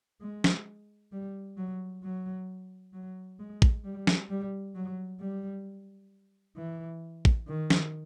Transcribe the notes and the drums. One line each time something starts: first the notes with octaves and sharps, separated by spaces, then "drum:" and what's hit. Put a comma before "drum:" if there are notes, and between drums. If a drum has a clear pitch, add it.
G#3
drum: snare
G3
F#3
F#3
F#3
G#3
drum: kick
G3
drum: snare
G3
F#3
G3
E3
drum: kick
D#3
drum: snare